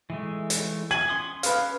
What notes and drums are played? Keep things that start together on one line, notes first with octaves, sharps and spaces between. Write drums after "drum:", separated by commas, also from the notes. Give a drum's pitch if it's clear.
E3 G#3 A3
drum: hi-hat
G#5 G#6 F#7
C#4 C6 D#6
B4 F5, drum: hi-hat